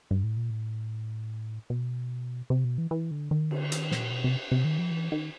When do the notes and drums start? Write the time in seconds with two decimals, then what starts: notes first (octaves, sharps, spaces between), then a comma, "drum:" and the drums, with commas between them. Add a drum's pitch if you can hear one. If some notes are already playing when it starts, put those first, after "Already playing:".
0.11 G2
0.24 A2
0.37 A#2
0.51 A2
1.70 B2
2.50 C3
2.65 B2
2.78 E3
2.91 E3
3.11 D3
3.31 D#3
3.51 D3, drum: cymbal
3.72 D#3, drum: hi-hat
3.91 A#2, drum: snare
4.11 B2
4.24 C3
4.52 C3
4.65 D#3
4.78 F3
4.91 E3
5.12 D#3